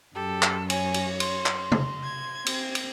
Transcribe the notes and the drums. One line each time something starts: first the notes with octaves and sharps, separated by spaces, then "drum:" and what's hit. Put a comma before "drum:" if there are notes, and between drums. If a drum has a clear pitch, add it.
F#2 G4 A4
drum: clap
C#5 G#5, drum: cymbal
drum: cymbal
C6, drum: cymbal
drum: clap
drum: tom C3
G#6
C4, drum: cymbal
drum: cymbal